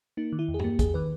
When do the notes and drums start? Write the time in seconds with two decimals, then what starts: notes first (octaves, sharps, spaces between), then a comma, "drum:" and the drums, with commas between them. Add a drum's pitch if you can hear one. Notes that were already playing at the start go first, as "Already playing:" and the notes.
0.17 A#3 D#4
0.32 D#3
0.39 E4
0.48 E2
0.54 G#4
0.59 A#3 G4, drum: tom G2
0.79 E2 G#4, drum: kick, hi-hat
0.94 D#3 B4